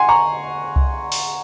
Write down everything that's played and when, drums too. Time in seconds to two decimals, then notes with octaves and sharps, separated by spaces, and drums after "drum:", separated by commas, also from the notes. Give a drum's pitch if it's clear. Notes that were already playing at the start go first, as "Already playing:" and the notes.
Already playing: F#5 G#5 C6
0.09 A#5 C#6
0.76 drum: kick C2
1.12 drum: open hi-hat